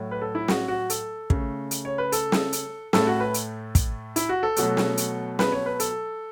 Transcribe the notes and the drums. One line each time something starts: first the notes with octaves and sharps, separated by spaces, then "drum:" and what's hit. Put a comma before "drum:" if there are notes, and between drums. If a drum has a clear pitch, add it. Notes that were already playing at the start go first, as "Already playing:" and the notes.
Already playing: A2 F#3 A3
B4
A4
E4
F#4, drum: snare
F#4
A4, drum: hi-hat
C#3 A3, drum: kick
drum: hi-hat
C#5
B4
A4, drum: hi-hat
drum: snare
drum: hi-hat
A2 A3 A4, drum: snare
F#4
B4
drum: hi-hat
drum: kick, hi-hat
E4, drum: hi-hat
F#4
A4
B2 F#3 A3, drum: hi-hat
drum: snare
drum: hi-hat
B4, drum: snare
C#5
B4
A4, drum: hi-hat